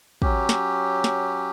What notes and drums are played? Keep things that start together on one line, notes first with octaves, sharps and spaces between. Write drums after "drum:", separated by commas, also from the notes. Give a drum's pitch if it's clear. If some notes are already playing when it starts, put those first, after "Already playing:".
F#3 C#4 G4, drum: kick
drum: snare
drum: snare